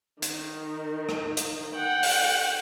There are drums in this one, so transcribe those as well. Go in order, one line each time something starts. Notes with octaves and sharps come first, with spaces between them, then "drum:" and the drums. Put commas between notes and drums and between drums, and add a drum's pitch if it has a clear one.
D#3, drum: hi-hat
drum: rim click
drum: hi-hat
F#5 G5
drum: open hi-hat